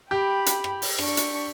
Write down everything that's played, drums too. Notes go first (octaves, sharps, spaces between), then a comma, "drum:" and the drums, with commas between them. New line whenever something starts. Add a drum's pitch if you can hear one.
G4 G5 B5
drum: hi-hat
drum: rim click
drum: open hi-hat
D4 C#6, drum: rim click
drum: hi-hat